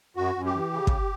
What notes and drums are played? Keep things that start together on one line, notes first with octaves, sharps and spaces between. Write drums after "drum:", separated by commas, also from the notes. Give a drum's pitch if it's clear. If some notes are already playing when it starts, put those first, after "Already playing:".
F#2 F#4
F#2
G4
E3
C#3
drum: kick